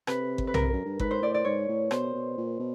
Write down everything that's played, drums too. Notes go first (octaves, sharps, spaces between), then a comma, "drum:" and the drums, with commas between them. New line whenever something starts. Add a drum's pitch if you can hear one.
C3 B4, drum: rim click
drum: kick G1
B4
A#4, drum: tom B1
F#2
G2
G#2 B4, drum: kick G1
C5
A2 D5
D5
G#2 C#5
A2
B2 C5, drum: rim click
B2
A#2
B2